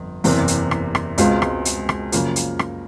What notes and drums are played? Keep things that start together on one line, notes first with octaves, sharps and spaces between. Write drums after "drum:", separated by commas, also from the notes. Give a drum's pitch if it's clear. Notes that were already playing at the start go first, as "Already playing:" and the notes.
Already playing: G1 F2
F#1 E2 C3, drum: open hi-hat
drum: hi-hat
drum: rim click
drum: rim click
C#2 B2 G#3 C4 F4, drum: hi-hat
drum: rim click
drum: hi-hat
drum: rim click
F#2 C#3 F3 A#3, drum: hi-hat
drum: hi-hat
drum: rim click